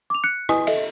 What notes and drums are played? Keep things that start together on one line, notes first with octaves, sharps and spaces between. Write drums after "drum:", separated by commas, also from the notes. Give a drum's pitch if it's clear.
D6 F7
F#6 C#7
E4 B4 D#5 G#5 D#6, drum: rim click
A4 D#5 E5, drum: cymbal